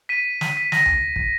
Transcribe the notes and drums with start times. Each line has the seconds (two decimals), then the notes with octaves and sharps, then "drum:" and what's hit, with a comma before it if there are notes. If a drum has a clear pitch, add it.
0.09 B6 D#7
0.41 B6, drum: snare
0.57 B6
0.72 A#6, drum: snare
0.86 drum: tom D2
1.16 drum: kick